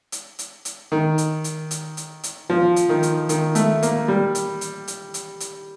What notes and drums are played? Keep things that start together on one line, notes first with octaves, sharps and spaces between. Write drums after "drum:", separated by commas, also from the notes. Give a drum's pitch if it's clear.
drum: hi-hat
drum: hi-hat
drum: hi-hat
D#3
drum: hi-hat
drum: hi-hat
drum: hi-hat
drum: hi-hat
drum: hi-hat
F3
drum: hi-hat
D#3
drum: hi-hat
D#3, drum: hi-hat
A3, drum: hi-hat
A#3, drum: hi-hat
G3
drum: hi-hat
drum: hi-hat
drum: hi-hat
drum: hi-hat
drum: hi-hat